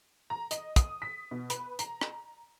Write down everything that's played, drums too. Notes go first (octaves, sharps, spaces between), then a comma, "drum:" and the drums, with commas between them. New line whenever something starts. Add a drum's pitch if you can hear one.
A#5
D#5, drum: hi-hat
D#6, drum: kick, hi-hat
B6
B2
B4, drum: hi-hat
A#5, drum: hi-hat
drum: rim click